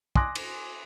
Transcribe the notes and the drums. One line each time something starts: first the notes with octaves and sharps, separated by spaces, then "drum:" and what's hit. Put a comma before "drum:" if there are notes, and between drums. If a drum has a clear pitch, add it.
G#5 C6 D6 D#6 F#6 A#6, drum: kick
drum: cymbal